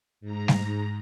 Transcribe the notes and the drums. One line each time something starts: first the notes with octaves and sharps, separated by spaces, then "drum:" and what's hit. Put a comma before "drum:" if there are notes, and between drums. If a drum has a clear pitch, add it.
G#2 A#5
drum: snare